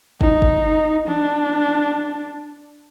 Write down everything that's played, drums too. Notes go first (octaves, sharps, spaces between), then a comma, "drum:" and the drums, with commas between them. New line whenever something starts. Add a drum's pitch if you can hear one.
D#4, drum: kick
drum: kick
D4, drum: tom E3